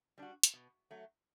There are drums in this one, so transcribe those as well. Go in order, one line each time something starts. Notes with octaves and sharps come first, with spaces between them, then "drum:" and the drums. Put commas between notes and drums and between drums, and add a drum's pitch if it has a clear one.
G3 D4 F#4
drum: hi-hat
B2
F#3 A3